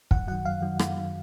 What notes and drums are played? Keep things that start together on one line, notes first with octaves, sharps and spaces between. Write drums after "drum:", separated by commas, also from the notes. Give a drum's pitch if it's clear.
F#2 F#5, drum: kick
D#3 F#3 F#5
F#2 F5
D#3 F#3
F#2, drum: rim click
D#3 F#3